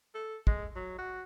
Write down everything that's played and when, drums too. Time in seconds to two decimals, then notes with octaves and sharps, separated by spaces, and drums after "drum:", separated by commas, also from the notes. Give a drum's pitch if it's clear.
0.15 A4
0.47 G#3, drum: kick
0.76 F#3
0.98 F#4